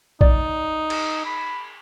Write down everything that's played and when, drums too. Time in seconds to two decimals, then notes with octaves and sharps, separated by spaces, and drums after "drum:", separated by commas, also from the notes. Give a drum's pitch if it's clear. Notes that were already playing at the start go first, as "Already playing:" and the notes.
0.21 D#4 D5, drum: kick A#1
0.90 drum: cymbal
1.25 B5